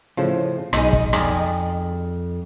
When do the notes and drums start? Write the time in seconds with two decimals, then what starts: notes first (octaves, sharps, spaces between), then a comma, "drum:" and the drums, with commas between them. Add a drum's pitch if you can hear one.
0.17 A2 C#3 F3 C5
0.73 B1 D#4 G#4, drum: rim click
0.93 drum: kick
1.13 F2 D#4 G#4 D5, drum: rim click